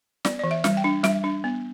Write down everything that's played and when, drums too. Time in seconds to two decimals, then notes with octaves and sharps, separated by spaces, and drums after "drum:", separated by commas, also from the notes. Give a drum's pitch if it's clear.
0.25 B3 D5, drum: snare
0.39 E3 D5
0.51 E5
0.64 G3, drum: snare
0.77 G5
0.84 D4
1.04 G3 E5, drum: snare
1.24 D4
1.44 B3